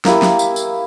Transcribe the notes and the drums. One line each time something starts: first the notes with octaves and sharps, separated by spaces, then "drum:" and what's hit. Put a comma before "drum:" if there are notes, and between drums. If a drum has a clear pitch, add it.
A#3 E4 G4, drum: snare
drum: snare
drum: tambourine
drum: tambourine